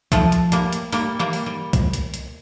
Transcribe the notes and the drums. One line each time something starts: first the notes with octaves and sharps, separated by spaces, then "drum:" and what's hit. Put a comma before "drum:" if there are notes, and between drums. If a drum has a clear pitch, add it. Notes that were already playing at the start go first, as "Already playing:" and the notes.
F3 A3, drum: kick C2, hi-hat
drum: hi-hat
G3 A#3, drum: hi-hat
drum: hi-hat
G3 A#3, drum: open hi-hat
G3 A#3
drum: open hi-hat
G3
drum: kick C2, hi-hat
drum: hi-hat
drum: hi-hat